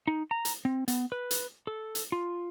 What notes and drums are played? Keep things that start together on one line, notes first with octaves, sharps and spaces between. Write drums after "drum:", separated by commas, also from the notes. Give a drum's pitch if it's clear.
D#4
A#5
drum: hi-hat
C4
B3, drum: hi-hat
B4
drum: hi-hat
A4
drum: hi-hat
F4